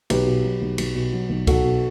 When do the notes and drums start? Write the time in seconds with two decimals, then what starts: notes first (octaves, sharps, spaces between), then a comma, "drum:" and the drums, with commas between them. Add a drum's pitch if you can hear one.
0.10 B1 G4 B4, drum: cymbal
0.26 B2
0.44 F#3
0.62 B1
0.78 B1, drum: cymbal
0.95 B2
1.13 F#3
1.30 B1
1.47 B1 F#4 A4, drum: kick C#2, cymbal
1.64 B2